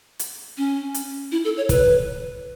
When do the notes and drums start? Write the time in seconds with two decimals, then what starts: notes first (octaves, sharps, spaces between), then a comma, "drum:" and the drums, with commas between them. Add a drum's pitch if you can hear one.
0.19 drum: hi-hat
0.57 C#4
0.94 drum: hi-hat
1.32 E4
1.45 A4
1.57 C#5
1.69 B4, drum: kick, hi-hat